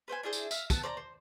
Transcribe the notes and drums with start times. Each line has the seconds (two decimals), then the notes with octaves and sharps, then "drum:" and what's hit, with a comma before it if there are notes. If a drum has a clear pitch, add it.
0.08 B4 C5 G5 G#5
0.23 D4 E4 G#4 C5
0.33 drum: tambourine
0.51 E5 F5, drum: tambourine
0.70 B3 A5 E6, drum: kick, tambourine
0.83 C5 D5 A#5
0.97 C5